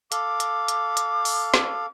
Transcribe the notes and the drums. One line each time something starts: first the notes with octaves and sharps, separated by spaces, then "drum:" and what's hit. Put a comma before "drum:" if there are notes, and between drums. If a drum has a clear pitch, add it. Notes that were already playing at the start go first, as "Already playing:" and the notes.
A4 F5 D6, drum: hi-hat
drum: hi-hat
drum: hi-hat
drum: hi-hat
drum: open hi-hat
drum: snare